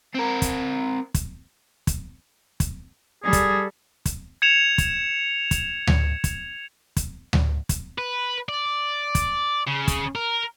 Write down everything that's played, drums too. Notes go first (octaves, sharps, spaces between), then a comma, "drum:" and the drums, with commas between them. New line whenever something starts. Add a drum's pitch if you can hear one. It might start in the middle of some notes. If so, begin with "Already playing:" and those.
C4 A#4
drum: kick, hi-hat
drum: kick, hi-hat
drum: kick, hi-hat
drum: kick, hi-hat
G3 G#4 A4
drum: kick, hi-hat
drum: kick, hi-hat
G#6 C#7 E7 F7
drum: kick, hi-hat
drum: kick, hi-hat
drum: tom D2
drum: kick, hi-hat
drum: kick, hi-hat
drum: tom D2
drum: kick, hi-hat
B4
D5
drum: kick, hi-hat
C#3
drum: kick, hi-hat
A#4